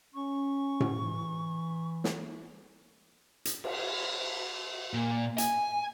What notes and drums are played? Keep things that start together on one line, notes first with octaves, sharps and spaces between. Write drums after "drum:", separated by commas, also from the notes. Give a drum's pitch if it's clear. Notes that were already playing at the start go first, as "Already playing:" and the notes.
C#4 C#6
drum: tom A2
E3
drum: snare
drum: hi-hat
drum: cymbal
A#2
G#5, drum: hi-hat